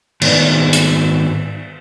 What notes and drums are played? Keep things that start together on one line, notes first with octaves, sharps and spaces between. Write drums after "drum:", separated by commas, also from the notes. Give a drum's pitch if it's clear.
G#2 D#3 B3, drum: cymbal
drum: hi-hat